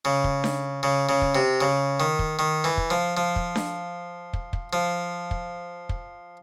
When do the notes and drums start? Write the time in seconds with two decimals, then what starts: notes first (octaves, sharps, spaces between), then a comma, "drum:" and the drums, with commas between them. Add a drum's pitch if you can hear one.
0.05 C#3
0.24 drum: kick
0.44 drum: snare D4
0.83 C#3
1.09 C#3
1.22 drum: kick
1.35 C3
1.61 C#3
2.00 D#3
2.19 drum: kick
2.39 D#3
2.64 E3
2.78 drum: kick
2.90 F3
3.17 F3
3.36 drum: kick
3.56 drum: snare D4
4.33 drum: kick
4.53 drum: kick
4.73 F3
5.31 drum: kick
5.89 drum: kick